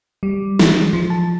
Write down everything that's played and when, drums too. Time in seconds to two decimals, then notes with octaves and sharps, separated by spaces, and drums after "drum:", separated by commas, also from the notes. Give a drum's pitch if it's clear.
0.23 G3
0.59 drum: snare
0.93 F3
1.10 A5